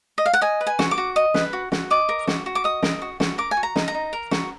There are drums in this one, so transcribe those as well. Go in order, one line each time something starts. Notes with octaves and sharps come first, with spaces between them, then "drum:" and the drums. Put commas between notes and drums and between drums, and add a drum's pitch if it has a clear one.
D#5
F5
F#5
D#5 G#5
B4
G#5
F#4, drum: snare
D6
F#4
D#5
B4, drum: snare
F#4
F#4, drum: snare
D#5 D6
A#4
F#4, drum: snare
F#4
D6
D#5 D#6
A#4, drum: snare
F#4
F#4, drum: snare
A#4 D6
G#5
F#4
A#5
D#4, drum: snare
A#5
D#4
A#4
F#4, drum: snare